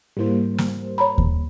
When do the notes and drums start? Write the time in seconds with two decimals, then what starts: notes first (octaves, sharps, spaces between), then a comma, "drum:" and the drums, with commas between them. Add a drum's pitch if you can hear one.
0.17 G#2 G3 A#3 E4 C5
0.58 drum: snare
0.98 C#5 A#5 B5
1.18 drum: kick D#2